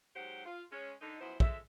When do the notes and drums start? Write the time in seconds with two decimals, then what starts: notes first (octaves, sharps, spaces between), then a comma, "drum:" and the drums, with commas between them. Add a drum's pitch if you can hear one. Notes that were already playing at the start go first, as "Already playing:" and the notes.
0.15 G#2 F#3 G4 C5 F#5
0.45 F4
0.72 G#3 C#4
1.01 D3 D#4
1.19 F#2 F3 B3 E4 C5
1.40 F3 G#3 A4 E5, drum: kick